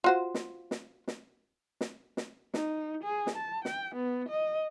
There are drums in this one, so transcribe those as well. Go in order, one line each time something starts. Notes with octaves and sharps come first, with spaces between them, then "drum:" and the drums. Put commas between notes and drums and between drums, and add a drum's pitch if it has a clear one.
F4 F#4 C5
drum: snare
drum: snare
drum: snare
drum: snare
drum: snare
D#4, drum: snare
G#4
drum: snare
A5
G5, drum: snare
B3
D#5